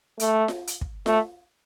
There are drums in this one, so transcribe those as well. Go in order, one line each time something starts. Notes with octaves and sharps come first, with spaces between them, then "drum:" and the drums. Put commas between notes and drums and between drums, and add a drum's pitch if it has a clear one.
A3, drum: hi-hat
drum: snare F4
drum: hi-hat
drum: kick
A3, drum: snare F4